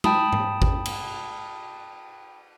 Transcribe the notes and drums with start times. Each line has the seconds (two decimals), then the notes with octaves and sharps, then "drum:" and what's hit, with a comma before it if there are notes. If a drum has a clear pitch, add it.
0.04 G5 A5 B5 D#6, drum: tom G#3
0.33 drum: tom G#2
0.62 drum: kick G#1
0.86 drum: cymbal